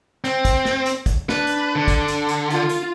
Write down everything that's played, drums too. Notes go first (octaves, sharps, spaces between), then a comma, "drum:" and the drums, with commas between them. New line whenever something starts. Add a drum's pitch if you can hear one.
C4, drum: hi-hat
drum: kick, hi-hat
drum: snare
drum: hi-hat
drum: kick, hi-hat
D4 B4, drum: snare
drum: hi-hat
D3 D4
drum: kick, hi-hat
drum: hi-hat
drum: hi-hat
F4, drum: hi-hat
drum: hi-hat